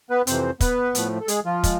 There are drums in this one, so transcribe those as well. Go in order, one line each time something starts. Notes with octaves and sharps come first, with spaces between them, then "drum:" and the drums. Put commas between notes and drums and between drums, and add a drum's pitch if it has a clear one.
B3 B4
F2 C3 E3 C4 C5, drum: hi-hat
B3 B4, drum: kick, hi-hat
A2 F3 A3, drum: hi-hat
A4
G#3 G#4, drum: hi-hat
F3 F4
G#3, drum: kick, hi-hat